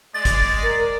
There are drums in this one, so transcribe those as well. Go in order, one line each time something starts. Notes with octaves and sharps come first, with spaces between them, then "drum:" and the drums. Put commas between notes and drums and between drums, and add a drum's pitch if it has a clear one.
G#3 D5 D6 A6
drum: kick, hi-hat
A#4